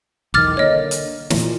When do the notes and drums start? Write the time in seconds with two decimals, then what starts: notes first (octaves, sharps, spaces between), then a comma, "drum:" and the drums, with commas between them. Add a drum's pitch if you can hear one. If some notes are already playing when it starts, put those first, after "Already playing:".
0.34 B1 E2 D#3 D6 F6 A6
0.57 D3 A#3 C#5 D#5
0.91 drum: hi-hat
1.30 A#2 E3, drum: snare